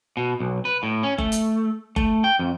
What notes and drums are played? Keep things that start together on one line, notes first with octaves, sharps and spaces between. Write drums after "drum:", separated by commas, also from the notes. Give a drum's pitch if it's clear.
B2
B1
B4
A2
C#4
A3, drum: kick F#1
drum: hi-hat
A3, drum: kick F#1
G5
F2